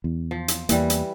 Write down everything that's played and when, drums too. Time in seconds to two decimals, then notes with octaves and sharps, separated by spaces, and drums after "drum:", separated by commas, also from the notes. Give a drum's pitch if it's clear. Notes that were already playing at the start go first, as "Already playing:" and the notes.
0.04 E2
0.31 F3
0.48 drum: hi-hat
0.69 E2 E3 G3 A#3, drum: hi-hat
0.90 drum: hi-hat